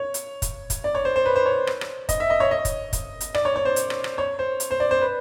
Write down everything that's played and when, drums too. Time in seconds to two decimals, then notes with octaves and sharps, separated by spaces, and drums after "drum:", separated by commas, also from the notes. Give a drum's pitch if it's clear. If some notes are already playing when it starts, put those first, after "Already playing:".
Already playing: C#5
0.14 drum: hi-hat
0.42 drum: kick, hi-hat
0.70 drum: kick, hi-hat
0.84 D5
0.95 C#5
1.05 C5
1.16 C5
1.26 B4
1.36 C5
1.46 C#5
1.67 drum: rim click
1.81 drum: rim click
2.09 D#5, drum: kick, hi-hat
2.20 E5
2.30 D#5
2.40 C#5
2.51 D#5
2.65 drum: kick, hi-hat
2.93 drum: kick, hi-hat
3.21 drum: hi-hat
3.34 D5, drum: rim click
3.45 C#5
3.56 C#5
3.65 C5
3.76 drum: hi-hat
3.90 drum: rim click
4.04 drum: rim click
4.18 C#5
4.39 C5
4.60 drum: hi-hat
4.71 C5
4.80 D5
4.91 C5
5.01 B4